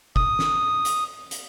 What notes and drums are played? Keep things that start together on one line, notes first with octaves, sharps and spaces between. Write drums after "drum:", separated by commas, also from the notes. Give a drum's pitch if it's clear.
D#6, drum: kick
drum: snare
drum: hi-hat
drum: hi-hat